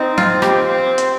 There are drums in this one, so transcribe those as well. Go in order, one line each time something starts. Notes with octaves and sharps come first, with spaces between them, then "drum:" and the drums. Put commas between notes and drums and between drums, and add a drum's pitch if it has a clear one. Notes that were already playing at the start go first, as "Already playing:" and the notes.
Already playing: C4 D#4
F4, drum: snare B3
G4, drum: rim click
C4
drum: hi-hat